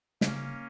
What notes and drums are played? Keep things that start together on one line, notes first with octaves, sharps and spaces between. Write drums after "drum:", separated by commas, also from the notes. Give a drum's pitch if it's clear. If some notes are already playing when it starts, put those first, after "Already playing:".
C#3 A#3 C#4, drum: snare